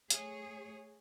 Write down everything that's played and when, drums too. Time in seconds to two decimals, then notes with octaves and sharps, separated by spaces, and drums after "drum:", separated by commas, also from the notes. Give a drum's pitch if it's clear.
0.10 A3 G#4 C#5, drum: hi-hat